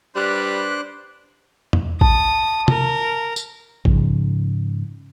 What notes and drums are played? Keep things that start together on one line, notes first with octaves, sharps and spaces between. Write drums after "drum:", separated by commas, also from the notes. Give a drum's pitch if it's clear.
G3 D4 B4 C5 F#6
drum: tom E2
A5 D#6, drum: kick A1
A#4, drum: tom C3
drum: tambourine
G#2 C#3 F3, drum: kick A1